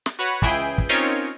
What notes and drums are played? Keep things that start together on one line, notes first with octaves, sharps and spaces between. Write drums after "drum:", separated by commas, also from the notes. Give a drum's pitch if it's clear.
drum: snare
F#4 B4 C#5 F#5
C#2 E3 E4 G#4 G5, drum: kick
drum: kick
C4 C#4 D#4 F4 A#4 C#5